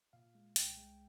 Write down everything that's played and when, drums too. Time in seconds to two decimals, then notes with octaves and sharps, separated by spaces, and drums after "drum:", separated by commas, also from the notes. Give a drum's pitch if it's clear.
0.13 A#2 F5
0.35 G#3
0.56 C2 G5, drum: hi-hat
0.78 G#3